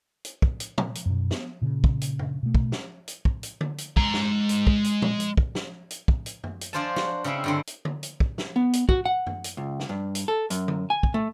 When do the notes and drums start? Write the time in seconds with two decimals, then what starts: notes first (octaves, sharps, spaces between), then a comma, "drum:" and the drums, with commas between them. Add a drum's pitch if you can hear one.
0.25 drum: hi-hat
0.42 drum: kick
0.60 drum: hi-hat
0.78 drum: tom
0.95 drum: hi-hat
1.06 F#2 B2
1.31 B3, drum: snare
1.62 A#2 C#3
1.84 drum: kick
2.01 drum: hi-hat
2.19 drum: tom F#2
2.43 B2 A3
2.55 drum: kick
2.72 drum: snare
3.08 drum: hi-hat
3.25 drum: kick
3.43 drum: hi-hat
3.61 drum: tom D3
3.78 drum: hi-hat
3.97 G#3 A#5, drum: kick
4.14 drum: snare
4.49 drum: hi-hat
4.67 drum: kick
4.84 drum: hi-hat
5.02 drum: tom
5.20 drum: hi-hat
5.37 drum: kick
5.55 drum: snare
5.91 drum: hi-hat
6.08 drum: kick
6.26 drum: hi-hat
6.44 drum: tom F#2
6.61 drum: hi-hat
6.73 F3 D4 F4 C5 G#5 A5
6.96 F#4, drum: snare
7.24 C#3 C4 C#4 E4
7.44 G2 D3 C4
7.67 drum: hi-hat
7.85 drum: tom D3
8.03 drum: hi-hat
8.20 drum: kick
8.38 drum: snare
8.56 B3
8.73 drum: hi-hat
8.89 F#4, drum: kick
9.05 F#5
9.27 drum: tom F#2
9.44 drum: hi-hat
9.57 C#2
9.80 drum: snare
9.89 G2
10.15 drum: hi-hat
10.28 A4
10.50 F#2, drum: hi-hat
10.68 drum: tom D3
10.90 G#5
11.03 drum: kick
11.14 A3